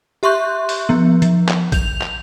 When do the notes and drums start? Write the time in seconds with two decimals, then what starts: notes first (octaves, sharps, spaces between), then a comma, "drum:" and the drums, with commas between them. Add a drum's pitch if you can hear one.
0.23 G4 E5 C6 C#6 F#6 G6
0.69 drum: open hi-hat
0.89 F3 B3
1.22 F3, drum: hi-hat
1.49 drum: clap
1.72 G6 F7, drum: kick, hi-hat
2.02 drum: clap